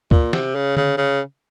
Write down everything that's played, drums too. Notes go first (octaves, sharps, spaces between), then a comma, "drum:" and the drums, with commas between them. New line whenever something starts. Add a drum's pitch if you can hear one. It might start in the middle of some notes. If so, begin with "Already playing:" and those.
A#2, drum: kick C#2
C3, drum: snare
C#3
C#3, drum: tom D3
C#3